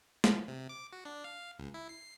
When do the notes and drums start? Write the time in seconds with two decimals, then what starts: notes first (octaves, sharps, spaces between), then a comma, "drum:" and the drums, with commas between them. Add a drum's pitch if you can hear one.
0.24 F3, drum: snare
0.48 C3
0.69 D6
0.93 F#4
1.05 D4
1.24 F5
1.59 C#2
1.74 E4
1.89 C7